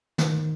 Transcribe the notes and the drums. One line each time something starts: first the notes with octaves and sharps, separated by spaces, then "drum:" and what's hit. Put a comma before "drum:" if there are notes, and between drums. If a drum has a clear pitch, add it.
D#3, drum: snare